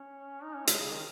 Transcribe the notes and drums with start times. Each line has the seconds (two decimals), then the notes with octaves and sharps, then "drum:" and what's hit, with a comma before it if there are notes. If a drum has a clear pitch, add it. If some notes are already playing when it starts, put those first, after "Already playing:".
Already playing: C#4
0.44 D#4
0.55 C#4
0.67 G#3, drum: hi-hat
0.79 C#3
0.91 D#3